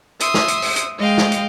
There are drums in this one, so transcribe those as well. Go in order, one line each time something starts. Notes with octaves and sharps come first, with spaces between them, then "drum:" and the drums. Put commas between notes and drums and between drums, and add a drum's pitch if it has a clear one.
E5 C6 D#6, drum: hi-hat
drum: snare
drum: hi-hat
drum: open hi-hat
drum: hi-hat
G#3 D#5 F5 G5
drum: snare
drum: hi-hat